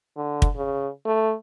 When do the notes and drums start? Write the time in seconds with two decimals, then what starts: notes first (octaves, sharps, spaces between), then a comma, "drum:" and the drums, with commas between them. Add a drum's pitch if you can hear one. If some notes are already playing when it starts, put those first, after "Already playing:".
0.17 D3
0.42 drum: kick
0.56 C#3
1.06 A3